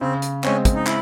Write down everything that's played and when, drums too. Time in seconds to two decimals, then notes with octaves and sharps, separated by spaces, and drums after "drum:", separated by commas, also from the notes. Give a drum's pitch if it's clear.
0.01 C#3 C4
0.22 drum: hi-hat
0.44 G#3 C4 C#4, drum: clap
0.65 drum: kick, hi-hat
0.75 D#4
0.87 E4, drum: clap